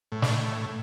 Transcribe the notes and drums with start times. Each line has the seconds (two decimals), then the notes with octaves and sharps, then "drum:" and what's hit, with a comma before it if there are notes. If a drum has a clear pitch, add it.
0.12 A2
0.22 drum: snare